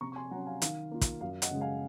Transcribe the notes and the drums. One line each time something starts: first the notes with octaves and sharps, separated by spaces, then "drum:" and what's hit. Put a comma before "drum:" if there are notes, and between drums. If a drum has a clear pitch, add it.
C3 A#5 C#6
C#6
G#5 C6
F#3 C#4 F#5 A#5
F5 G#5
D#3 F5, drum: hi-hat
A#3 F4
drum: kick, hi-hat
F#2 F5
D#5 F#5, drum: hi-hat
C#3 G#3
F5 G#5